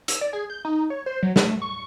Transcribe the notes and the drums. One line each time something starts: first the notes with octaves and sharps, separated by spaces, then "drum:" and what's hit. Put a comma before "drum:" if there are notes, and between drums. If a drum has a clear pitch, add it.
E6, drum: hi-hat
D5
G#4
G6
D#4
C#5
C5
F#3
A3, drum: snare
C#6